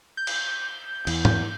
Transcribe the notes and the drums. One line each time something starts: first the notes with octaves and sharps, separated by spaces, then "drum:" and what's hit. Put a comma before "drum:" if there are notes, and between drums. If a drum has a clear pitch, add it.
G6
drum: cymbal
E2, drum: cymbal
drum: tom G#2